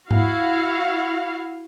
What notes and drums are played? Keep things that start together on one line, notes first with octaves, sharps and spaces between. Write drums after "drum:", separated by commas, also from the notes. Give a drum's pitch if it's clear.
E4 F#4 F5, drum: tom G#2